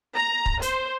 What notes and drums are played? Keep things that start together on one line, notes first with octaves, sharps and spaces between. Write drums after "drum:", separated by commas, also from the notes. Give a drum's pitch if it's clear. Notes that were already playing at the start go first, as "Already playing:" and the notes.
A#5
drum: kick
C5, drum: hi-hat